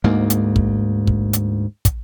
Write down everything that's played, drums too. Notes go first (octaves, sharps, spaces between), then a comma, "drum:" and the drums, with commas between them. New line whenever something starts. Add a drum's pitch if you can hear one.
D2 G#2 A#3
drum: hi-hat
drum: kick
drum: kick
drum: hi-hat
drum: kick, hi-hat